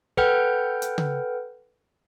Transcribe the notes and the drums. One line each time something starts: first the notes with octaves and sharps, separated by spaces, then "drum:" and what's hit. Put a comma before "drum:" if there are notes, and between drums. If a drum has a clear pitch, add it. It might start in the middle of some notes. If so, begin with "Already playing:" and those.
A4 B4 F#5 G5 F6 G6, drum: kick
drum: hi-hat
drum: tom C#3